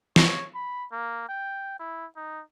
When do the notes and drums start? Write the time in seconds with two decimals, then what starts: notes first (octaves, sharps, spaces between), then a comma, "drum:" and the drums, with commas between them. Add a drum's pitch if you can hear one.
0.16 C#5, drum: snare
0.55 B5
0.92 A#3
1.29 G5
1.79 E4
2.16 D#4